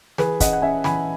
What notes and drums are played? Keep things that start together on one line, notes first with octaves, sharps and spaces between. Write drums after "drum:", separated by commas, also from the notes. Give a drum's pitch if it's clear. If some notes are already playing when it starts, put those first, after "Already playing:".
E3 G#4 B4, drum: snare
C#4 D#5 F#5, drum: kick, hi-hat
F#5
C#4 E5 G#5
E3 G#5 B5, drum: snare